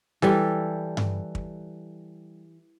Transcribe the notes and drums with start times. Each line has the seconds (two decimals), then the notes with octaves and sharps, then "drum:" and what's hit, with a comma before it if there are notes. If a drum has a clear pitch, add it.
0.22 E3 G3 A4, drum: snare
0.97 drum: tom G2
1.35 drum: kick